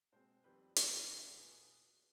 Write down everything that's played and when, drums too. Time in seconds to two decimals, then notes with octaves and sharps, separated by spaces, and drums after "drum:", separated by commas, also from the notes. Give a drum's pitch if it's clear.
0.12 B2 G#3 C4 C5
0.44 F2 D#3 G3 C4 B4
0.76 C3 D#3 G#3 B3, drum: hi-hat
1.07 F2 D3 F3 B3 G4
1.17 F4
1.26 G4
1.39 B2 B3 G#4